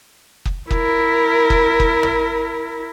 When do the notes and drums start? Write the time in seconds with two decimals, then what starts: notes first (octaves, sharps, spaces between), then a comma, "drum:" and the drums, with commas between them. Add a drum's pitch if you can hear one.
0.45 drum: kick
0.71 E4 A#4, drum: kick
1.50 drum: kick
1.80 drum: kick
2.03 drum: tom